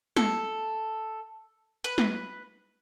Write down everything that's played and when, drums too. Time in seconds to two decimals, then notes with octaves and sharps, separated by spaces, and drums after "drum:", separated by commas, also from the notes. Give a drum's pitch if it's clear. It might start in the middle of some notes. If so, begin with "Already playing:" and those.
0.16 A4, drum: snare
1.84 B4
1.98 drum: snare